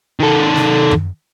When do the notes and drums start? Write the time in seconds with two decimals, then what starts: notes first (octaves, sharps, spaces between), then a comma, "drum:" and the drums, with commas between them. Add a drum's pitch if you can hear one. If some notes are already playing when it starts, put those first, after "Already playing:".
0.20 D#3 A4
0.56 drum: snare
0.91 drum: tom F#2